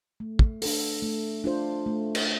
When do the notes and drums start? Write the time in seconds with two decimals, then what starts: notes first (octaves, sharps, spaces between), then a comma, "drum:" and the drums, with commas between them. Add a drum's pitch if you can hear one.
0.20 A3
0.39 drum: kick
0.62 D4 A4, drum: open hi-hat
1.02 A3
1.44 D4 F4 C5
1.86 A3
2.15 drum: cymbal